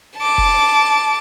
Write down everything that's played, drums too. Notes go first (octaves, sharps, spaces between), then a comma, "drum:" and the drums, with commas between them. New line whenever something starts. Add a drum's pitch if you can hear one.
A5 D6
drum: kick F1